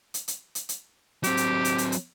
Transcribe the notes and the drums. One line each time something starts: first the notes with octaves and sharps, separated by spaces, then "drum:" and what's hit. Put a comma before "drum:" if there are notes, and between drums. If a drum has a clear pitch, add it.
drum: hi-hat
drum: hi-hat
drum: hi-hat
drum: hi-hat
F#3 C4 G4, drum: hi-hat
drum: hi-hat
drum: hi-hat
drum: hi-hat
drum: hi-hat